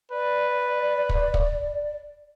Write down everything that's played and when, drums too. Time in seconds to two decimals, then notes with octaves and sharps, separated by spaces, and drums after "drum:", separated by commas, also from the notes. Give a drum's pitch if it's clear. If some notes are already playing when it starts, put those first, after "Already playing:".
0.12 B4 D5
1.09 drum: kick
1.34 drum: kick